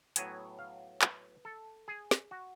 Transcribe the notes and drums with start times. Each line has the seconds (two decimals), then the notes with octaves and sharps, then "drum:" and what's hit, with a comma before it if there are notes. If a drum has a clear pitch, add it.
0.16 A2 F#3 B3 G#5, drum: hi-hat
0.59 F5
1.02 B4, drum: clap
1.45 A4
1.88 G#4
2.11 drum: snare
2.31 F#4